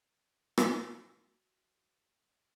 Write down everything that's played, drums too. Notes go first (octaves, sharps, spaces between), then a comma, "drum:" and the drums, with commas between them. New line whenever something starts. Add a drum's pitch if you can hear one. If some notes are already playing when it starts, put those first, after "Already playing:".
drum: rim click
F#4